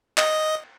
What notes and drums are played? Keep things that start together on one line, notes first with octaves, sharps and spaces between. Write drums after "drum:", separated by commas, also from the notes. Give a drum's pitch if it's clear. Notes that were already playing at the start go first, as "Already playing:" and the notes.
D#5, drum: clap